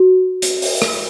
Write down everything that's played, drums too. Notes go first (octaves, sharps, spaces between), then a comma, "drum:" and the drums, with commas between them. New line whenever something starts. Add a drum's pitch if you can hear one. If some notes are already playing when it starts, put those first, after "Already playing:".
Already playing: F#4
drum: hi-hat
drum: open hi-hat
drum: rim click